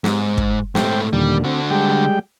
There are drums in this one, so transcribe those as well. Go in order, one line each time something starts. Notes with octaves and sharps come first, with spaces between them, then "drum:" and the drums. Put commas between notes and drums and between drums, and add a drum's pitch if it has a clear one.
G#2, drum: snare
drum: kick
G#2 A3 C5 G5, drum: snare
D#2 A#2 D3 G3
D3 C4 F#4
G3 G#3 G5